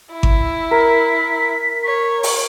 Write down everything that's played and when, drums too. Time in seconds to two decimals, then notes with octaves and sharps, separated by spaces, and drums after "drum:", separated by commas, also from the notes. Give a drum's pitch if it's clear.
0.13 E4
0.23 drum: kick G#1
0.71 A#4 B6
1.86 C#5
2.23 drum: open hi-hat